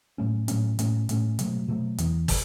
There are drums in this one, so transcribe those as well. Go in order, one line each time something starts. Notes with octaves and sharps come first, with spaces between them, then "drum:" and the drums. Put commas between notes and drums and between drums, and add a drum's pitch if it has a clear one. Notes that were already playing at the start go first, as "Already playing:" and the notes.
A2 F#3 A3 C#4
A2 F#3 A3 C#4, drum: hi-hat
A2 A3 C#4, drum: hi-hat
A2 A3 C#4, drum: hi-hat
B2 F#3 A3, drum: hi-hat
B2 F#3 A3
E2 E3 B3, drum: hi-hat
drum: kick, open hi-hat